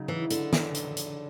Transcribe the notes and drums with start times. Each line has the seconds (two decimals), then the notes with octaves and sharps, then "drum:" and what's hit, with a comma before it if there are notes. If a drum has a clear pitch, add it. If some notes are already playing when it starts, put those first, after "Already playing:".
Already playing: C#3 F#3 D#4
0.08 E3
0.31 D3, drum: hi-hat
0.53 drum: snare
0.75 drum: hi-hat
0.97 drum: hi-hat